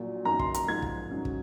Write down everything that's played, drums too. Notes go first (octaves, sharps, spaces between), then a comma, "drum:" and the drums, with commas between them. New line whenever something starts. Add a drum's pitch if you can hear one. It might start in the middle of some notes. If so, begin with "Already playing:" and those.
Already playing: A#1 A#2 F#3
F#2 D#3 A#3 C#4 A#5
C6, drum: kick
A#5, drum: hi-hat
G#2 F3 A#3 G#6
drum: kick
G#2 F#3 C#4
drum: kick